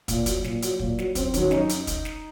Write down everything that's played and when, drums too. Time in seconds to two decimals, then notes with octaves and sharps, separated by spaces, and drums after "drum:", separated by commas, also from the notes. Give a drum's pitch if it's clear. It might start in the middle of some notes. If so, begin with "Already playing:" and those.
0.08 A#2, drum: kick, hi-hat
0.26 F#3, drum: kick, hi-hat
0.44 A#2, drum: snare
0.62 F#3, drum: hi-hat
0.79 A#2, drum: kick
0.99 F#3, drum: snare
1.15 F#2 C4, drum: kick, hi-hat
1.34 D#3 F#3 C#4, drum: kick, hi-hat
1.51 F#2 D#4, drum: snare
1.69 drum: hi-hat
1.87 drum: kick, hi-hat
2.05 drum: snare